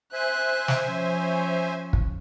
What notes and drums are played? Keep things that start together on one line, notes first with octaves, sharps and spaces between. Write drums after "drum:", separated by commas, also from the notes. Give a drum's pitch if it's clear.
C5 E5 G#5 F#6
drum: snare
F3 C#4
drum: kick